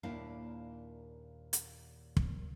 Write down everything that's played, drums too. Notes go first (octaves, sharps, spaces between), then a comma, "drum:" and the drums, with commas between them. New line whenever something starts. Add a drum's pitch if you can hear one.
D#2 A#2 A#3 D4 E4 F5
drum: hi-hat
drum: kick